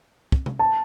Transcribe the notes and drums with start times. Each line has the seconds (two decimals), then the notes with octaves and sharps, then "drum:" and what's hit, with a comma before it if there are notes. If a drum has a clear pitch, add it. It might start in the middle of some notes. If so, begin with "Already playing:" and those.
0.32 drum: kick
0.46 drum: tom C3
0.59 A5